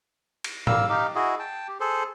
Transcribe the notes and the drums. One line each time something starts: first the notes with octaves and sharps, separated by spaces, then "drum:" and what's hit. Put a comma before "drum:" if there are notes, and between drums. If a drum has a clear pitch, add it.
drum: cymbal
G3 A#3 F5 E6, drum: tom
D#4 G4 F5
E4 F#4 G#4 D#5
G5 A5
G4
G#4 A4 C5